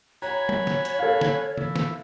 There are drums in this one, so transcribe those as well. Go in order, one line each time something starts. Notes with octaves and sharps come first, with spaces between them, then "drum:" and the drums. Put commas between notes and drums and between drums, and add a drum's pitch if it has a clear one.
F#4 C#5 G#5 A#5 B5
drum: tom F#3
drum: snare
drum: hi-hat
A4 F5
drum: snare
E3, drum: tom C3
drum: snare